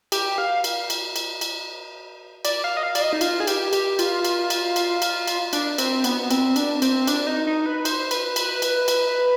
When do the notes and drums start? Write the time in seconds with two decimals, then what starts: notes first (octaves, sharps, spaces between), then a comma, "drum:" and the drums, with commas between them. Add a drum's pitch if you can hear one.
0.12 G4, drum: cymbal
0.38 F5
0.64 drum: cymbal
0.90 drum: cymbal
1.16 drum: cymbal
1.41 drum: cymbal
2.45 D5, drum: cymbal
2.64 F5
2.77 D#5
2.83 F5
2.95 D5, drum: cymbal
3.02 D#5
3.13 D#4
3.21 F4, drum: cymbal
3.40 G#4
3.47 G4, drum: cymbal
3.73 G4, drum: cymbal
3.99 F4, drum: cymbal
4.25 drum: cymbal
4.50 drum: cymbal
4.76 drum: cymbal
5.02 drum: cymbal
5.27 drum: cymbal
5.53 D4, drum: cymbal
5.78 C4, drum: cymbal
6.04 B3, drum: cymbal
6.30 C4, drum: cymbal
6.56 D4, drum: cymbal
6.82 C4, drum: cymbal
7.07 D4, drum: cymbal
7.27 D#4
7.47 D#4
7.66 B4
7.85 C5, drum: cymbal
8.11 B4, drum: cymbal
8.36 B4, drum: cymbal
8.62 drum: cymbal
8.88 drum: cymbal